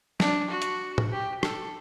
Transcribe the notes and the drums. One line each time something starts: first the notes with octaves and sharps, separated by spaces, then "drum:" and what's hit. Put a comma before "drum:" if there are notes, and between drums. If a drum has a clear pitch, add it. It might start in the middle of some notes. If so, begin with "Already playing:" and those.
D4, drum: snare
F#4
drum: hi-hat
drum: tom
G4
A4, drum: rim click